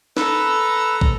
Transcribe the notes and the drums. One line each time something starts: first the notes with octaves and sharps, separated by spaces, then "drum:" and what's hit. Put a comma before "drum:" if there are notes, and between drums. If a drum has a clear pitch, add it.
A4 B4 A#5 E6, drum: snare
drum: kick